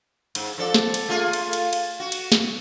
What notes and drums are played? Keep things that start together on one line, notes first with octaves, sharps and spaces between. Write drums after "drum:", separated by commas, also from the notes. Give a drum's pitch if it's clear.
G#2, drum: cymbal
F3 A4 D5
drum: snare
drum: cymbal
A3 F4 G#4
drum: cymbal
drum: cymbal
drum: cymbal
F#4
drum: cymbal
drum: snare